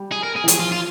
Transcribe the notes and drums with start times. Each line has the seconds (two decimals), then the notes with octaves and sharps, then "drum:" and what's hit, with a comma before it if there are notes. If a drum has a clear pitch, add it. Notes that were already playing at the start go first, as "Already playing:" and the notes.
Already playing: G3
0.12 G#4
0.23 A#4
0.36 G#4
0.44 E3
0.48 F3 G#4, drum: hi-hat
0.60 F4
0.72 F4